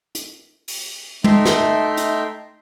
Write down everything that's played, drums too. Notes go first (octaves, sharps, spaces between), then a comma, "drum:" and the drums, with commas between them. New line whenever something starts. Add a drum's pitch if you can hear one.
drum: hi-hat
drum: open hi-hat
A3 D#4 E5 G5 C6, drum: tom
drum: snare
drum: hi-hat